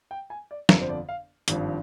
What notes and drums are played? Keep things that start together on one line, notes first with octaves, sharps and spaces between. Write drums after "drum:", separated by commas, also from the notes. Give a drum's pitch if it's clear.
G5
G#5
D5
G1 F2 D3 F3 A#4, drum: snare
C5
D5
F5
G#1 G2 F3, drum: hi-hat